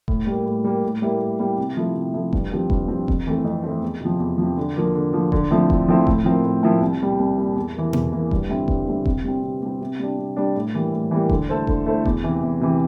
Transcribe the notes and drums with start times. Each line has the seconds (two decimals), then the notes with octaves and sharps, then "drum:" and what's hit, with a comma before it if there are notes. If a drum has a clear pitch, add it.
0.08 A2, drum: kick E1
0.27 G3 A#3
0.46 A2
0.64 G3 A#3
0.84 A2
1.02 G3 A#3 E4 A#4
1.21 A2
1.39 G3 A#3 E4 A#4
1.58 C3
1.77 F3 A3 E4
1.96 C3
2.13 F3 A3 E4
2.33 G2, drum: kick E1
2.52 F3 C4 G4
2.70 G2, drum: kick E1
2.88 F3 C4 G4
3.08 F2, drum: kick E1
3.27 E3 A3 C4
3.44 F2
3.64 E3 A3 C4
3.82 E2
4.01 C3 F3
4.20 E2
4.38 C3 F3
4.58 D3
4.76 F3 A#3
4.95 D3
5.13 F3 A#3
5.32 D3, drum: kick E1
5.51 F3 A3 C4 E4
5.70 D3, drum: kick E1
5.88 F3 A3 C4 E4
6.07 A2, drum: kick E1
6.25 F3 C4 E4 A#4
6.44 A2
6.63 F3 C4 E4 A#4
6.81 C2
7.00 A#2 G3
7.19 C2
7.37 A#2 G3
7.56 E2
7.75 E3 A#3
7.93 E2, drum: tom B2
8.12 E3 A#3
8.31 G2, drum: kick E1
8.49 D3 G3 C4 E4
8.68 G2, drum: kick E1
8.87 D3 G3 C4 E4
9.06 C3, drum: kick E1
9.25 G3 C4
9.43 C3
9.62 G3 C4
9.81 C3
9.99 G3 D4
10.18 C3
10.36 G3 D4
10.55 A2
10.74 E3 G3 A#3
10.92 A2
11.11 E3 G3 A#3
11.30 D3, drum: kick E1
11.49 A3 E4 A4 C5
11.67 D3, drum: kick E1
11.86 A3 E4 A4 C5
12.06 E2, drum: kick E1
12.23 C3 E3
12.43 E2
12.61 C3 E3